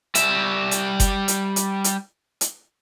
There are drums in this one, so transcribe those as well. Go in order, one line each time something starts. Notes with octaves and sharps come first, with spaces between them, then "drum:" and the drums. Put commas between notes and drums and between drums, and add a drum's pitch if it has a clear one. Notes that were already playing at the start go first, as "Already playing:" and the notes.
G3 E5, drum: hi-hat
drum: hi-hat
drum: kick F#1, hi-hat
drum: hi-hat
drum: hi-hat
drum: hi-hat
drum: hi-hat